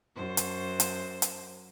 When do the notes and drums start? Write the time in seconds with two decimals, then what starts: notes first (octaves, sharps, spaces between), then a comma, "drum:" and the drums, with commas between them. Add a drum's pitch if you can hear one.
0.16 F#2 C5
0.37 drum: hi-hat
0.80 drum: hi-hat
1.22 drum: hi-hat